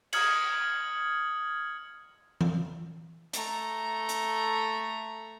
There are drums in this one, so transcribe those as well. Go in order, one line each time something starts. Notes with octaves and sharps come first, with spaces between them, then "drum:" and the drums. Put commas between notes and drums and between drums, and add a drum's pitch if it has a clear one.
D#6 F6 G#6 C#7 F#7, drum: cymbal
drum: tom E3
A3 A#5, drum: hi-hat
drum: hi-hat